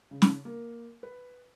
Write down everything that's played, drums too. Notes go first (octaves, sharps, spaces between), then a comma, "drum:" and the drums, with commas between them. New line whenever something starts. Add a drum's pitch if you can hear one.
C#3
drum: snare
A#3
B4